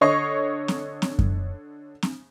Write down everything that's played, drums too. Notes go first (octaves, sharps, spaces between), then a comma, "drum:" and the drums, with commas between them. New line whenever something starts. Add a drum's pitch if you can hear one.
D3 C#5 D#5 C#6 C7
drum: snare C4
drum: snare C4
drum: kick F#2
drum: snare C4